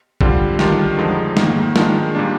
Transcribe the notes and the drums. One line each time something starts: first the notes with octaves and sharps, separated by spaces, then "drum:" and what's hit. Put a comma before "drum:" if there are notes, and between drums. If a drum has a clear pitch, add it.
D3 G3 C4 F4, drum: kick A1
D#3 G3 D4 F4, drum: snare
F2 D3 F3 G#3 D#4
G#2 D#3 A#3, drum: snare
D#3 G#3 D4 F4, drum: snare
A#2 G3 A#3 D4